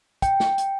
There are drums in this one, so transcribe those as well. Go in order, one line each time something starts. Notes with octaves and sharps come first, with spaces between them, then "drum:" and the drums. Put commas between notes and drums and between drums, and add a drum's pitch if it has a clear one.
G5, drum: kick, hi-hat
drum: snare
drum: hi-hat